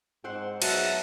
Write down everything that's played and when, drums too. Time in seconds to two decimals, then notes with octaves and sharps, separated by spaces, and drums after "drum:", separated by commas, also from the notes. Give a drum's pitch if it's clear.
0.24 G#2 C4 C5 F#5
0.62 F#3 B3 E5 F#5 A5, drum: cymbal